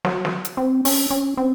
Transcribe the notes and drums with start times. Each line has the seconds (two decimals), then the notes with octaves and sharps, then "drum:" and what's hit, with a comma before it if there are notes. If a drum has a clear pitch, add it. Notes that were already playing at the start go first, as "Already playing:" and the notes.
0.05 F#3, drum: snare
0.25 drum: snare
0.45 drum: hi-hat
0.57 C4
0.85 C#4, drum: open hi-hat
1.10 C#4
1.37 C4